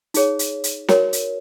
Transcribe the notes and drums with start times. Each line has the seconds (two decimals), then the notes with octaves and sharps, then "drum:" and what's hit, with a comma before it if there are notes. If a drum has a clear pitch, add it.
0.14 D#4 G#4 C#5, drum: hi-hat
0.39 drum: hi-hat
0.64 drum: hi-hat
0.89 F#4 A#4 C#5, drum: snare
1.13 drum: hi-hat